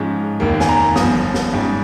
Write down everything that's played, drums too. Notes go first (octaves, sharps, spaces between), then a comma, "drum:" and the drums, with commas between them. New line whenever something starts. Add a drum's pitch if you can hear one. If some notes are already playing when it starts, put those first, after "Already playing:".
Already playing: G#2 F3 G#3 C#4
F1 D#2 D#3 A#3
G#5, drum: snare
A#5
G1 G2 F3 D#6, drum: snare
drum: snare
G#2 G3 C#4